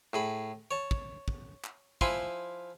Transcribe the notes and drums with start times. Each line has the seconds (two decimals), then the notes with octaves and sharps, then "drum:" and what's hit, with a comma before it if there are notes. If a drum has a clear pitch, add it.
0.13 A2 G#4 B5
0.71 C#5 A5
0.91 drum: kick
1.28 drum: kick
1.64 drum: clap
2.01 F3 E4 G#5 B5 C6, drum: kick